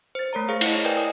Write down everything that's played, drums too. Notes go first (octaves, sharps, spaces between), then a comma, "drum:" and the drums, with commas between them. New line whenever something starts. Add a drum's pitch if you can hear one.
C5 A6
A3 A#4 C#5 A#5
G#4 C5 F5
E4 C#5 D#5, drum: cymbal
A#4 B4 D5 D#5 G5 G#5
D#6